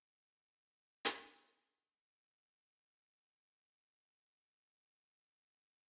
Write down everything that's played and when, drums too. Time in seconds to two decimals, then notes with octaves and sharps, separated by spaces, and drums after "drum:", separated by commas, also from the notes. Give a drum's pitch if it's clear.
0.16 A#3 G4
1.05 drum: hi-hat
2.87 C5
3.55 A#3
5.03 C#3 A#3 C#5 E5 F#5 F6
5.20 F2 A#2
5.50 D#3 E3 F#3 A#3
5.68 B4